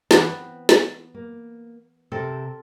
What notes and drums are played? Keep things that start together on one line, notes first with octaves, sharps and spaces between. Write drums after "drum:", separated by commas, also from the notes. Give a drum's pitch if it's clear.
E3 B3 B4, drum: snare
C4
drum: snare
A#3
C3 C4 A4 A#4